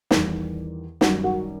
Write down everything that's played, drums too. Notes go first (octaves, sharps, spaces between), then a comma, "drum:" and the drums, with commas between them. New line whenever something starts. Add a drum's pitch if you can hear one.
E2 D#3 G3, drum: snare
F#2 D#3 G3 F#4, drum: snare
F#4